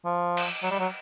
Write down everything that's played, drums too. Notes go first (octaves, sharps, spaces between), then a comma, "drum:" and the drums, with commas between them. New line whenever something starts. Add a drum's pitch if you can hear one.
F3
drum: cymbal
F#3
G3
F#3